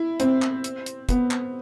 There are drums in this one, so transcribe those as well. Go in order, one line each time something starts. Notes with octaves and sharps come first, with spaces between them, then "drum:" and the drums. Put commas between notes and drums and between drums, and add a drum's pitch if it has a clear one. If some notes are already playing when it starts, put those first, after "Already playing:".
Already playing: E4
C4, drum: hi-hat
drum: clap
drum: hi-hat
drum: hi-hat
B3, drum: kick, hi-hat
drum: clap